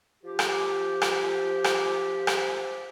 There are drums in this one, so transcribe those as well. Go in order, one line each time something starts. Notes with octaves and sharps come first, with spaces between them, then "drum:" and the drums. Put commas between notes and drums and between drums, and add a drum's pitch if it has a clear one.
F3 G4
drum: rim click
drum: rim click
drum: rim click
drum: rim click